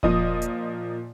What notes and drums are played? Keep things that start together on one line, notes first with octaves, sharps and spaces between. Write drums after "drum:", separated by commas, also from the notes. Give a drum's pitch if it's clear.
A#2 F3 D#5 D#6, drum: kick E1
drum: hi-hat